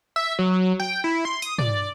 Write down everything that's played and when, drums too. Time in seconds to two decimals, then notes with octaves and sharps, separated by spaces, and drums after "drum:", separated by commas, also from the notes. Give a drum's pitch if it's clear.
0.16 E5
0.39 F#3
0.80 G5
1.04 E4
1.25 C6
1.42 D#6, drum: hi-hat
1.58 D5, drum: tom